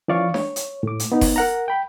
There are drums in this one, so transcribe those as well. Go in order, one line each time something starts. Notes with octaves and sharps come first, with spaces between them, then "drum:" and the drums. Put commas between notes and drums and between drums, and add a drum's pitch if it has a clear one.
E3 F3 C#4 D5 F5 C#6
C#5, drum: snare D4
drum: hi-hat
A2 D6
drum: hi-hat
B3 D#4
drum: kick F1, open hi-hat
A#4 F#5 A#5
G5 B5